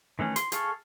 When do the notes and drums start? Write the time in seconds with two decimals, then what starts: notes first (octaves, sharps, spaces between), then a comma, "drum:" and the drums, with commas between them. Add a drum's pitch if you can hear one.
0.19 D#3 E3 A3 C#4
0.36 C6, drum: hi-hat
0.52 G#4 A4 F5 C#6, drum: hi-hat